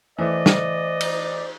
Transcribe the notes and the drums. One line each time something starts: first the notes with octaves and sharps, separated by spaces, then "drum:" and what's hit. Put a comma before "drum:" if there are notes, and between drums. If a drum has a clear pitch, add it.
E3 A3 C5 D5 D#5
drum: snare
drum: cymbal